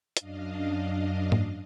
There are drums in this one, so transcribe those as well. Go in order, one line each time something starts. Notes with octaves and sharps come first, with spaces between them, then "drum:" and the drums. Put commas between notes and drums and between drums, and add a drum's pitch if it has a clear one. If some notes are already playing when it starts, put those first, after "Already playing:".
F#2 D4 D#5 F5, drum: hi-hat
drum: tom G#2